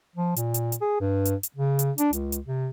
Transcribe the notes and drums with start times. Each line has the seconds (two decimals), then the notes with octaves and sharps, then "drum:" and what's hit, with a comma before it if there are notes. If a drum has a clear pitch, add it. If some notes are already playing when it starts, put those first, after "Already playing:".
0.16 F3
0.36 A#2, drum: hi-hat
0.54 drum: hi-hat
0.72 drum: hi-hat
0.81 G#4
1.00 G2
1.25 drum: hi-hat
1.43 drum: hi-hat
1.56 C#3
1.79 drum: hi-hat
1.98 D4, drum: hi-hat
2.13 C#2, drum: hi-hat
2.32 drum: hi-hat
2.46 C3